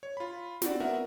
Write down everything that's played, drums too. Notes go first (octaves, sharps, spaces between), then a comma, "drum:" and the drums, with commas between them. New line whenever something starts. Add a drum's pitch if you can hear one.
C#5
F4 B5
C4 F#4 D5, drum: snare
B3 A#4 E5 F#5